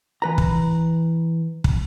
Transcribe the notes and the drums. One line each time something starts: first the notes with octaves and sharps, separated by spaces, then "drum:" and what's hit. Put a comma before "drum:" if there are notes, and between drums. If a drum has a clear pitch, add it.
E3 B4 A#5
drum: kick
drum: kick